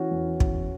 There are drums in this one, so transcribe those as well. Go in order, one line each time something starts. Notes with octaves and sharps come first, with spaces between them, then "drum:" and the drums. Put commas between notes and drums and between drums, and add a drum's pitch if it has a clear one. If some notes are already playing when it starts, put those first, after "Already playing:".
Already playing: E3 C#4 F#4
E2
E2, drum: kick